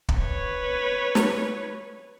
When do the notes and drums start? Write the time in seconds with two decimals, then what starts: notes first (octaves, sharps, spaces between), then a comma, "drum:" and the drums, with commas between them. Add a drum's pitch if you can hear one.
0.09 drum: kick
0.19 B4 C#5
1.15 drum: snare